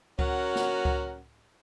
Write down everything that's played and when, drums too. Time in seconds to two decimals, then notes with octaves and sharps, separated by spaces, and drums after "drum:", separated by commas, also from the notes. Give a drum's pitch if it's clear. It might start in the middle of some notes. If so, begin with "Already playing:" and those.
0.19 F#3 C#4 F#4 A#4 F#5, drum: kick C#2
0.55 drum: snare
0.85 drum: kick C#2